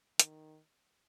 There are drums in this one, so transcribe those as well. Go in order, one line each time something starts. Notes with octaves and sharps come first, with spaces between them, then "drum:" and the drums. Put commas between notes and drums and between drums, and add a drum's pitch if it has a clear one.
D#3, drum: hi-hat